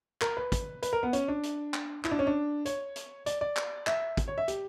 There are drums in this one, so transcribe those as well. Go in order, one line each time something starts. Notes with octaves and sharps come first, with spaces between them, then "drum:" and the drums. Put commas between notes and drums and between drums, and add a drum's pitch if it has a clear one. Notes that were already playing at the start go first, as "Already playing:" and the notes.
A#4, drum: clap
B4
drum: kick, hi-hat
B4, drum: hi-hat
A#4
B3
C#4, drum: hi-hat
D4
drum: hi-hat
drum: clap
E4, drum: clap
D4
C#4
D4
C#5, drum: hi-hat
drum: hi-hat
D5, drum: hi-hat
D5
drum: clap
E5, drum: clap
drum: kick, hi-hat
C#5
E5
G4, drum: hi-hat